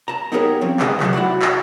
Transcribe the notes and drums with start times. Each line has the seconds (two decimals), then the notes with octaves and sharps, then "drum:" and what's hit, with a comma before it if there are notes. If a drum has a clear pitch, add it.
0.08 A5 A#5
0.32 B3 D#4 G4 G#4 A#4 C#5
0.61 F3 C4 C#4
0.80 D2 G#2 E3 G#4 D#5 A5, drum: clap
1.00 C3 F#3 G#3 A3, drum: clap
1.13 E4 F#4 D5 F#5
1.42 drum: clap